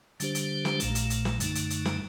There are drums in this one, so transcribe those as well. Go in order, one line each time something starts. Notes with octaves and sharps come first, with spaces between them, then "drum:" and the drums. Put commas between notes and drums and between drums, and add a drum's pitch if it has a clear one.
D3 G3 D4 G4 C5, drum: hi-hat
drum: hi-hat
drum: snare
A#1 A#2 A3, drum: hi-hat
drum: hi-hat
drum: hi-hat
drum: snare
F#2 D3 A3 D#4, drum: hi-hat
drum: hi-hat
drum: hi-hat
drum: snare